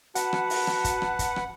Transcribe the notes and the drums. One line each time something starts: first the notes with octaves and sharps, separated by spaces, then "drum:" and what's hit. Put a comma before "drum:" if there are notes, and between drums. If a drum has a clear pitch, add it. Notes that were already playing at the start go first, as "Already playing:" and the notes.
F#4 B4 F#5 A5, drum: hi-hat
drum: rim click
drum: open hi-hat
drum: rim click
drum: kick, hi-hat
drum: rim click
drum: kick, hi-hat
drum: rim click